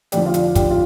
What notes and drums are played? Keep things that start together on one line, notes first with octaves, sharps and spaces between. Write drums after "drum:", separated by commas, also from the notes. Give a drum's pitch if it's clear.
F1 F2 D3 F3 D4 G4, drum: hi-hat
F4
D4, drum: hi-hat
D4 G4, drum: kick, hi-hat
F4